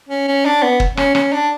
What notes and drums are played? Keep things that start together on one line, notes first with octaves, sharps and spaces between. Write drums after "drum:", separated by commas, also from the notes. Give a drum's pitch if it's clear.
C#4
C#4
D4
B3
drum: kick
C#4, drum: rim click
C#4, drum: rim click
D4